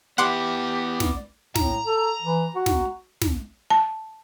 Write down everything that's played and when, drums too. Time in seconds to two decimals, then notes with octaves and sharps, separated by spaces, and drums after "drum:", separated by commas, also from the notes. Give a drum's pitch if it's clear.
0.18 B3 E4 G4 D5 F#5 C6 D6
1.00 drum: snare
1.56 A2 A#5, drum: snare
1.86 A4
2.22 E3
2.56 F#4
2.66 drum: snare
3.22 drum: snare
3.70 A5